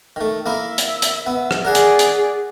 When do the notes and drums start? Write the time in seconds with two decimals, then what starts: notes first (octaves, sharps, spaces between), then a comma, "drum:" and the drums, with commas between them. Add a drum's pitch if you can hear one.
0.16 D#3 A3
0.46 A#3 E4 A#4 E5
0.78 drum: hi-hat
1.02 drum: hi-hat
1.26 B3
1.51 drum: rim click
1.65 G#4 A#4 D5 F#5 G#5
1.75 drum: hi-hat
1.99 drum: hi-hat